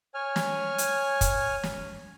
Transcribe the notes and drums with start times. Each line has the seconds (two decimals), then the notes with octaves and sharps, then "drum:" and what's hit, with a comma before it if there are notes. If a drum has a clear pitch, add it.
0.14 C#5 G#5 F6
0.36 drum: snare
0.78 drum: hi-hat
1.21 drum: kick, hi-hat
1.63 drum: snare